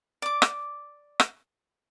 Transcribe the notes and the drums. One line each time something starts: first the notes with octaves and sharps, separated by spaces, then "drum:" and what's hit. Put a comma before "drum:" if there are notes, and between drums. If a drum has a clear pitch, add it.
D5 D6
drum: rim click
drum: rim click